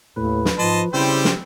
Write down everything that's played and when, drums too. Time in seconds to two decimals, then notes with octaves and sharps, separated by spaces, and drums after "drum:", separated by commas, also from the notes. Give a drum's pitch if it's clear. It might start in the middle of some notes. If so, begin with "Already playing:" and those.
0.16 D#2 A2 B4
0.45 drum: snare
0.59 G#2 F3 D#5 A5 C6
0.93 C#3 G3 C4 E4 G4 C5
1.25 drum: snare